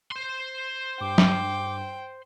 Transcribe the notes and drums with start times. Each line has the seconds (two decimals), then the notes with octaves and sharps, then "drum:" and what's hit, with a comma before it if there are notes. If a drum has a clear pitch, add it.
0.11 C5 C6
1.01 G2 G5 D6
1.18 drum: snare